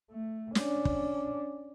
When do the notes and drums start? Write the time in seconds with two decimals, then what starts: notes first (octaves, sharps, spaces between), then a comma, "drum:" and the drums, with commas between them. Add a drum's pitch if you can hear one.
0.11 A3
0.55 C#4 D4, drum: snare
0.85 drum: kick